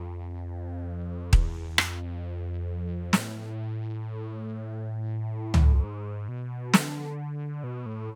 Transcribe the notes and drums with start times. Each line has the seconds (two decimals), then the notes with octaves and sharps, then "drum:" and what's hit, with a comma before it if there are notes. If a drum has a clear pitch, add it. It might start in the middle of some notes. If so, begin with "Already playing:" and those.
Already playing: F2
1.33 E2, drum: kick D#1
1.78 F2, drum: rim click
3.13 A2, drum: snare
5.54 drum: tom C#2
5.74 F2
5.84 G#2
6.29 B2
6.74 D3, drum: snare
7.64 B2
7.86 A2